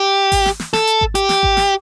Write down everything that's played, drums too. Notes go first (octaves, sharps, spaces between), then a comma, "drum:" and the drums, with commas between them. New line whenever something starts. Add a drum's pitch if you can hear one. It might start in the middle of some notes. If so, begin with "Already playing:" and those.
Already playing: G4
drum: kick G#1, open hi-hat
drum: snare
drum: snare
A4, drum: snare
drum: hi-hat
drum: kick G#1
G4, drum: hi-hat
drum: snare
drum: kick G#1
drum: snare